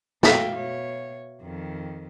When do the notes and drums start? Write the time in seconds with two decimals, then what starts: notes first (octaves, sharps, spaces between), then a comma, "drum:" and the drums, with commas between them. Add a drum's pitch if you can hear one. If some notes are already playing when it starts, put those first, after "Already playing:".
0.23 B2 F#4 E5 F5 G5, drum: snare
0.55 B2 C#5
1.42 F2 D#3